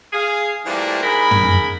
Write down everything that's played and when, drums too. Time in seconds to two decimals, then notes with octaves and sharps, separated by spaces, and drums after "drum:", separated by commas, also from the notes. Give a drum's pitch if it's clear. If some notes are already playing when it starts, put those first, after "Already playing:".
0.13 G#4 F5
0.65 E3 F3 G3 A3 A#3 D4
1.03 G#2 G#4 A#4 B5
1.31 drum: tom